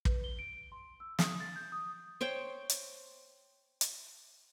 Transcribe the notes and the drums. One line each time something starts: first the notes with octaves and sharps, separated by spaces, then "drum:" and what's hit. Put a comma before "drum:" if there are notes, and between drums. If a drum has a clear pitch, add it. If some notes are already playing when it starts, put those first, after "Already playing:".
B4, drum: kick
G7
D7
C6
E6
D#6, drum: snare
A6
G6
D#6
C5 C#5 G5
drum: hi-hat
drum: hi-hat